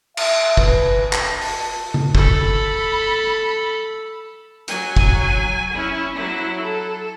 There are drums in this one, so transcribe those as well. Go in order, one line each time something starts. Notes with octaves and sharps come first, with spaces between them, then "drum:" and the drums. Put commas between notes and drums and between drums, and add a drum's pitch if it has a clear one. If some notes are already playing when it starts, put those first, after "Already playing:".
E5, drum: cymbal
B4, drum: kick
A5, drum: clap
drum: open hi-hat
drum: tom
A4 B5, drum: kick
F#3 G#5, drum: hi-hat
drum: kick
C#4 E4
F#3 E4
A4